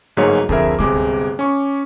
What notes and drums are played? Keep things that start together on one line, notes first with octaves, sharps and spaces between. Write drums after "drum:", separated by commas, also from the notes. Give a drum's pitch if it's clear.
G1 G#2 F#3 A#3 G#4 C#5
F2 D3 G#4 A#4 E5, drum: kick C#2
G1 C3 G#3 G#4 D6, drum: kick C#2
C#4 C#6